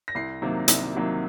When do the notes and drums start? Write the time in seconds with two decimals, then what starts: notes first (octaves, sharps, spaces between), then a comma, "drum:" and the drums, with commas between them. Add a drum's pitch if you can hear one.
0.08 A#6
0.15 C2 C7
0.42 C3 D#3 F#3 A#3
0.68 C2, drum: hi-hat
0.95 C3 D#3 F#3 A#3